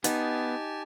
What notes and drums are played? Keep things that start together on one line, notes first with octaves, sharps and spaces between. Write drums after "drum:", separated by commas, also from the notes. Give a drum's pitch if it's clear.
B3 D#4 G4 G#5 A5, drum: hi-hat